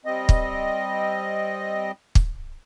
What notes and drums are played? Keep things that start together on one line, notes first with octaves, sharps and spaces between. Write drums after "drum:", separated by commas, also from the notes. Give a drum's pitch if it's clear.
G3 C4 D#5
drum: kick
drum: kick